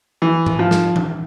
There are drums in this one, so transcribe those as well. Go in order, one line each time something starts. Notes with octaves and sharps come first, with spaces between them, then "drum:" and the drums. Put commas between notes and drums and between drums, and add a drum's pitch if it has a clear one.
E3
drum: tom G#2
F3
drum: snare
drum: tom E3